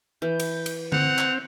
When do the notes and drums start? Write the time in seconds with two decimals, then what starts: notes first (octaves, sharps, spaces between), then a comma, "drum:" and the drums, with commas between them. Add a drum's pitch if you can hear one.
0.22 E3 G6
0.40 drum: cymbal
0.66 drum: cymbal
0.92 C4 F#5 F7, drum: tom D3
1.19 drum: clap